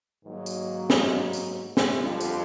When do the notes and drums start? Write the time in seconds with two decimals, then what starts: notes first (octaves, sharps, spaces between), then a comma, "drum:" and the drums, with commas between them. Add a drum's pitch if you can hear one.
0.24 G#2 D#3 F#3 A#3
0.46 drum: tambourine
0.90 drum: snare
1.33 drum: tambourine
1.77 drum: snare
1.99 F2 D3 G3 F4
2.20 drum: tambourine